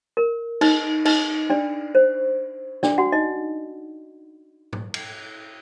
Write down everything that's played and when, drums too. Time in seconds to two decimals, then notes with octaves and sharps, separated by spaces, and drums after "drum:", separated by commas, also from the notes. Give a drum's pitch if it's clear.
0.17 A#4
0.61 D#4 D#5, drum: cymbal
1.05 D#4 D#5, drum: cymbal
1.50 D4 D5
1.95 C5
2.83 D4 D5, drum: snare
2.98 F#4 F#5
3.12 D#4 D#5
4.73 drum: tom G#2
4.94 drum: cymbal